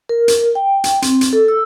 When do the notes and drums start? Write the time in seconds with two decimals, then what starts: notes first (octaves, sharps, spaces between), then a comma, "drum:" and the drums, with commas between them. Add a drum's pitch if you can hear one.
0.09 A#4
0.28 drum: hi-hat
0.55 G5
0.84 drum: hi-hat
1.02 C4, drum: hi-hat
1.21 drum: hi-hat
1.33 A4
1.48 E6